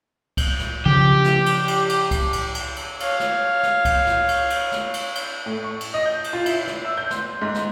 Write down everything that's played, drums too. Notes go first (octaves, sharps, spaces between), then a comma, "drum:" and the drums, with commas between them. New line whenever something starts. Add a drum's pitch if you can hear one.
drum: kick C2, cymbal
drum: snare
C#3 F3 G4
drum: snare
drum: cymbal
drum: cymbal
drum: cymbal
drum: kick C2, cymbal
drum: cymbal
drum: cymbal
drum: cymbal
C#5 F5, drum: cymbal
drum: snare
drum: snare
drum: kick C2, cymbal
drum: snare
drum: cymbal
drum: cymbal
drum: snare
drum: cymbal
drum: cymbal
A2
C#6
drum: cymbal
D#5
G6
drum: cymbal
F4
E4, drum: cymbal
drum: snare
E6
G6
C6, drum: snare
G#2
drum: snare